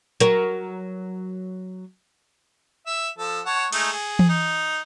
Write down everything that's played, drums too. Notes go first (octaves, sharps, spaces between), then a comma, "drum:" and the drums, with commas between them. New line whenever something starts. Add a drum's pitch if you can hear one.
F#3 A#4, drum: hi-hat
E5 E6
F3 A4
C#5 F#5 A5
G#3 A3 D#4, drum: cymbal
G#4
drum: tom E3
D#4